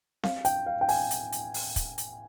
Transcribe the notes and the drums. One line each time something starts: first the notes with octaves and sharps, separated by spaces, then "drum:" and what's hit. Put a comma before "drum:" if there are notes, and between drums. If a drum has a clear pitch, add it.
F5, drum: snare C4
G5, drum: hi-hat
F5
G5
G#5, drum: open hi-hat
drum: hi-hat
drum: hi-hat
drum: open hi-hat
drum: kick, hi-hat
drum: hi-hat